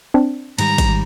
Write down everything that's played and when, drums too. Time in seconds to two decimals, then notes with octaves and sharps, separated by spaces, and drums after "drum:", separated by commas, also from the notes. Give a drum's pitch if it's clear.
0.14 C4 D4
0.59 G#2 D#3 G3 A#5, drum: cymbal
0.78 drum: kick, cymbal